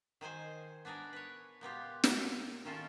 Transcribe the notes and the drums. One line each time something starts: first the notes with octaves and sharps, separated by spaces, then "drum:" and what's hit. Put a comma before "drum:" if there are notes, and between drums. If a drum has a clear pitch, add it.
D#3 G#4 C5 G#5
B3 D4 G#4 A#4 D5
B4 C#5
A#2 B3 F4 G4
A#4, drum: snare
D#3 C#4 F4 A4 A#4